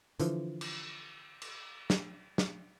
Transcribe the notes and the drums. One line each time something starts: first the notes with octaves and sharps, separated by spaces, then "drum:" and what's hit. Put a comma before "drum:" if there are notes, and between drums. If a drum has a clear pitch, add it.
D3 E3 F3, drum: hi-hat
drum: cymbal
drum: cymbal
drum: snare
drum: snare